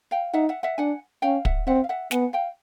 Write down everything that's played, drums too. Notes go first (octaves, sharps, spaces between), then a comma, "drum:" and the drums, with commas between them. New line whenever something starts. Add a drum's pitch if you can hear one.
F5 G5
D#4 E5 F#5
E5 F#5
E5 F#5
D4 F#5 G#5
C#4 F5 G5
E5 F#5, drum: kick
C4 E5 F#5
F5
E5 F#5
B3 F#5 G#5, drum: snare
F5 G5